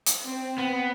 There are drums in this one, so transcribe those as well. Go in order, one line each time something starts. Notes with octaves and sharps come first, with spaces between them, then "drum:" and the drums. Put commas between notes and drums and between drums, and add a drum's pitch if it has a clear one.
drum: hi-hat
C4
B3